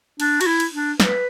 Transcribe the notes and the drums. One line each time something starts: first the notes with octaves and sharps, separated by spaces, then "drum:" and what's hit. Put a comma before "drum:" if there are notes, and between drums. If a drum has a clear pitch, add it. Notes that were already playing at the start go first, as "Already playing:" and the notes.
D4, drum: cymbal
F#4, drum: cymbal
E4
drum: cymbal
D4
B4, drum: snare